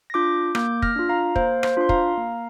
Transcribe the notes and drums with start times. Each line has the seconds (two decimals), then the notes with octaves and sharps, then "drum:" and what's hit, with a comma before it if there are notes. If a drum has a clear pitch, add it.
0.10 A#6
0.14 D4 F4 D6 G6
0.55 A#3 D6 G6, drum: rim click
0.82 F6 A#6, drum: kick
0.96 D4 F4
1.09 F5 A#5
1.36 A#3 C5 F5, drum: kick
1.63 C5 F5, drum: rim click
1.77 D4 F4 C6
1.89 F5 A#5, drum: kick
2.17 A#3